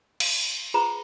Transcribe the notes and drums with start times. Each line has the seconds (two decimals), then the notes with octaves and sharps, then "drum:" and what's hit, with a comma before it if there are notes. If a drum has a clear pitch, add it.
0.20 F5, drum: cymbal
0.74 F4 G#4 B4 C5 A#5 B5